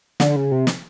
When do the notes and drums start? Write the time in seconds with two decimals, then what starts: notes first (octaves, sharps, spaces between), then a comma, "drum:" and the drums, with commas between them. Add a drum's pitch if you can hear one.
0.20 D3, drum: snare
0.36 C#3
0.52 C3
0.67 drum: snare